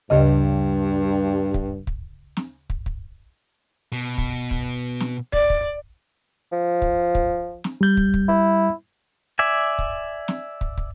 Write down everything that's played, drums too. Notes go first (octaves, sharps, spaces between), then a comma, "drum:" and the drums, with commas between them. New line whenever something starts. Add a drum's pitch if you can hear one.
D2 G2 C#3 D#5
drum: kick
drum: kick
drum: snare
drum: kick
drum: kick
B2
drum: kick
drum: kick
drum: snare
D5, drum: kick
drum: kick
F3
drum: kick
drum: kick
drum: snare
G3 G6
drum: kick
drum: kick
E4
D5 E5 G#5
drum: kick
drum: snare
drum: kick
drum: kick